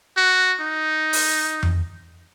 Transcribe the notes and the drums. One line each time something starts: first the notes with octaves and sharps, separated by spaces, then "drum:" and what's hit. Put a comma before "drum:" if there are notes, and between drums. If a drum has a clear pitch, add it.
F#4
D#4
drum: open hi-hat
drum: tom F2